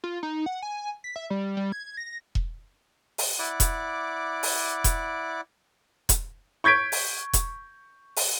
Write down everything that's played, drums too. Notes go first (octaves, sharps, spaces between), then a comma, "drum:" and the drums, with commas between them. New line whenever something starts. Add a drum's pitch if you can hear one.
F4
D#4
F#5
G#5
B6
E5
G3
G3
G#6
A#6
drum: kick E1
drum: open hi-hat
E4 D5 F#5 D6
drum: kick E1, hi-hat
drum: open hi-hat
drum: kick E1, hi-hat
drum: kick E1, hi-hat
C#6 G6 G#6 B6 D7
drum: open hi-hat
drum: kick E1, hi-hat
drum: open hi-hat